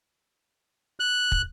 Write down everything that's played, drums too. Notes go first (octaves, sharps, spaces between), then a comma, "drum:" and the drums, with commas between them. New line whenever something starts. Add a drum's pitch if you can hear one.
F#6
drum: kick